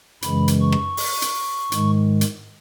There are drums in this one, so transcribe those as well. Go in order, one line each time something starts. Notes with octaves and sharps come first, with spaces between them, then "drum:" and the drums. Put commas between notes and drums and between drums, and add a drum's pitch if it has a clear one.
F#2 C#3 E3 G#3 B5, drum: hi-hat
drum: hi-hat
C#6
drum: rim click
drum: open hi-hat
drum: hi-hat
G#2 D#3 G#3, drum: hi-hat
drum: hi-hat